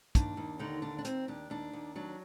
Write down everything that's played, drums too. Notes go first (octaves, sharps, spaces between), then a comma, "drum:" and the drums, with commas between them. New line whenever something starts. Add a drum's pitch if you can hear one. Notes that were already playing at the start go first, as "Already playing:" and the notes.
D#2 D4, drum: kick, hi-hat
D#2
D3 D#3 D#4
D#2 D4
D4
D#2 C4, drum: hi-hat
D#2 D4
D#2 D4
D#2
F#3 D4